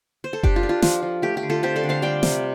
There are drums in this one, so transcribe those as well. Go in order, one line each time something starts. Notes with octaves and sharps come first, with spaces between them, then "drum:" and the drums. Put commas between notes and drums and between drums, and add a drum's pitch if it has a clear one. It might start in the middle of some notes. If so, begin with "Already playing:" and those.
C5
A4
D4 G4, drum: kick F#1
F4
D4
F4
F3 F4, drum: snare
F3
A3 G4
G4
D3
F4 A4
C4 G4 C5
A4 D5
D3
C5 F5
G3 D5 G5
C3, drum: snare